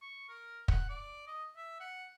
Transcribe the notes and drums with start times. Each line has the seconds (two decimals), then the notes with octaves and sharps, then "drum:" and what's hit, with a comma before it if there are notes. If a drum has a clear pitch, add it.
0.01 C#6
0.29 A#4
0.68 F#5, drum: kick
0.90 D5
1.27 D#5
1.56 E5
1.80 F#5